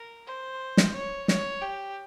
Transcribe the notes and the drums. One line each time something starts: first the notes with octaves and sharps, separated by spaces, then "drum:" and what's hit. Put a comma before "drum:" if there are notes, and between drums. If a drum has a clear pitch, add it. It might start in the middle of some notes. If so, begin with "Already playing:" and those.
Already playing: A#4
C5
drum: snare
C#5
C#5, drum: snare
G4